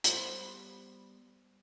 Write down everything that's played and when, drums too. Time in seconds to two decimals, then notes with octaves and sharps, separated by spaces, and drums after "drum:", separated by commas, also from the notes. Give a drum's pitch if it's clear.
0.04 G3 B3 C5, drum: hi-hat